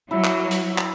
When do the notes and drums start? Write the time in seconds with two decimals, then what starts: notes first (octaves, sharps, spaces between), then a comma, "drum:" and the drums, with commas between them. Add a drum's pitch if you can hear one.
0.11 F#3 E4
0.24 drum: clap
0.51 drum: hi-hat
0.78 drum: clap